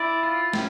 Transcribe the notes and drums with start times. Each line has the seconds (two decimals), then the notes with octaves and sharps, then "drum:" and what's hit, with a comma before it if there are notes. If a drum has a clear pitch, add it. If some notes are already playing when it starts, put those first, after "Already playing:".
Already playing: E4 D5
0.23 F4
0.53 C#4, drum: snare